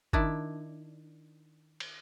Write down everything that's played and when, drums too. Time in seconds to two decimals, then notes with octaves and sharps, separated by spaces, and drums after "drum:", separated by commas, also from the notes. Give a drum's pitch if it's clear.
0.13 D#3 D4 E4, drum: kick G1
1.80 drum: cymbal